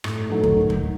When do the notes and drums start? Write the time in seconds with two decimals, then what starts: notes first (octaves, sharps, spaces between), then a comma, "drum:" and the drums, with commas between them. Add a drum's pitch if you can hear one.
0.04 A2, drum: rim click
0.30 F#3 A3 D#4
0.44 drum: kick
0.57 D#3
0.70 drum: kick